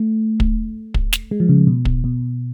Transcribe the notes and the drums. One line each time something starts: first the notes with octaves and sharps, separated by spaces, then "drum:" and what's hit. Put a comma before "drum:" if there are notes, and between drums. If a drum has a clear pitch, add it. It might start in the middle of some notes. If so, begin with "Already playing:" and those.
Already playing: A3
drum: kick
drum: kick
drum: snare
G#3
F3
C#3
B2
drum: kick
B2